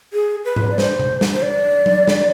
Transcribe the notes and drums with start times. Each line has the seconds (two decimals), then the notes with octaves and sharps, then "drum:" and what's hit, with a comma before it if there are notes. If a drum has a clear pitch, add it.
0.13 G#4
0.45 B4
0.56 drum: tom G#2
0.71 D5
0.78 C5, drum: snare
1.00 drum: tom C3
1.21 drum: snare
1.34 C5
1.42 D5
1.86 drum: tom F#3
2.08 drum: snare